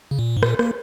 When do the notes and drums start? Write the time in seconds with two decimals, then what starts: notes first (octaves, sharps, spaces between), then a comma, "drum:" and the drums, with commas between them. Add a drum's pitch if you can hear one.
0.11 C#3
0.19 A#2
0.37 G#2
0.43 A#2, drum: rim click
0.59 A#3, drum: rim click